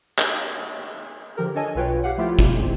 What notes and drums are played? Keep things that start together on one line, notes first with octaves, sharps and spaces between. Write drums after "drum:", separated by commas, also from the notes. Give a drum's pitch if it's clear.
drum: clap
D3 F3 G4 A#4
D4 A4 C#5 D#5 G#5
B1 B2 F4 B4 C#5 G5
G4 F5 F#5
F3 A3 E4 F4 G4
drum: kick
G#2 D3 G#3 C4